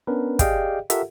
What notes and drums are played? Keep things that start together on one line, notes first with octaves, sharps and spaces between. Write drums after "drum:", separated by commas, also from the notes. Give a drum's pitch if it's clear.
B3 C#4 D4 A#4 B4
G4 G#4 D5 D#5 F5 G5, drum: kick, hi-hat
F4 G4 A4 A#4 E5 F#5, drum: hi-hat